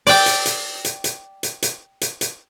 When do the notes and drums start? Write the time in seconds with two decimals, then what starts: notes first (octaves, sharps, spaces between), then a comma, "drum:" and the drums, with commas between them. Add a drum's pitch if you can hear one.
0.07 D5 G5, drum: open hi-hat
0.26 drum: hi-hat
0.46 drum: hi-hat
0.85 drum: hi-hat
1.04 drum: hi-hat
1.43 drum: hi-hat
1.62 drum: hi-hat
2.01 drum: hi-hat
2.21 drum: hi-hat